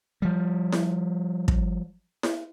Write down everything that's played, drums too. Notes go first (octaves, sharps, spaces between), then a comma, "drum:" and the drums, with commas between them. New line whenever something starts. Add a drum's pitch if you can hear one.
F3 G3
drum: snare E4
drum: kick
drum: snare E4